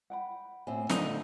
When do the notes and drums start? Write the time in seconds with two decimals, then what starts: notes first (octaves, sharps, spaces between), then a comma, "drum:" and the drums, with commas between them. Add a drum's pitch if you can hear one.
0.10 F#5 G5 B5
0.67 A2 C4 G#5
0.89 D3 F3 A3 D#4 D#5, drum: snare